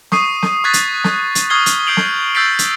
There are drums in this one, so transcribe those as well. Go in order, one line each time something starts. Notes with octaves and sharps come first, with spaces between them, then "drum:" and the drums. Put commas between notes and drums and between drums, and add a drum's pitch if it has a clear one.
C#6 D#6 C7 D#7, drum: snare
drum: snare
C#6 D#6 F#6 G#6 A6 B6
drum: hi-hat
drum: snare
drum: hi-hat
C#6 D#6 F6 G#6 C7 G7
drum: hi-hat
D#6 G6 C7 D7 F7 F#7
drum: snare
E6 G6 A6 B6 C7 D7
drum: hi-hat